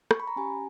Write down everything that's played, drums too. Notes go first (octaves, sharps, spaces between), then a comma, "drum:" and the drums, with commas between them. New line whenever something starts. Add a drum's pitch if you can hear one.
C#6, drum: rim click
B5
A#5
C#4 G4 G#5